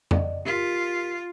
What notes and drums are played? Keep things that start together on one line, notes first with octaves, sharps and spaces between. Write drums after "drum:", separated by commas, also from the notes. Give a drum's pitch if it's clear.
D5 D#5, drum: tom F2
F4 G4 A#4 B6